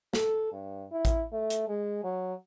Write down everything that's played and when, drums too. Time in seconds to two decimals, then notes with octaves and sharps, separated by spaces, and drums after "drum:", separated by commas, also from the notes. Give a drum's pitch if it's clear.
0.13 A4, drum: snare
0.53 G2
0.91 E4
1.05 drum: kick A1, hi-hat
1.32 A3
1.50 drum: hi-hat
1.68 G#3
2.03 F#3